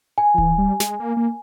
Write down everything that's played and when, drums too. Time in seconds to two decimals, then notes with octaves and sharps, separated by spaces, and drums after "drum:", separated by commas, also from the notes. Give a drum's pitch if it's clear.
0.18 G#5
0.34 F3
0.38 E3, drum: kick D1
0.58 G3
0.80 G#3, drum: snare
1.00 A#3
1.17 A#3